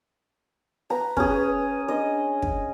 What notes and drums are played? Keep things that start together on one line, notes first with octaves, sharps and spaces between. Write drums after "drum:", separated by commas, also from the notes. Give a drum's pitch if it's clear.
B4 A#5
C#4 G#4, drum: kick
B4
D4 D#5
drum: kick